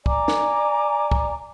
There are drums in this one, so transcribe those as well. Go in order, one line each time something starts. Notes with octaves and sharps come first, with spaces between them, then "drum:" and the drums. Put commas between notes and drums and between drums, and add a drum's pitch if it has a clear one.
D5 G#5 A#5 D6, drum: kick
drum: snare
drum: kick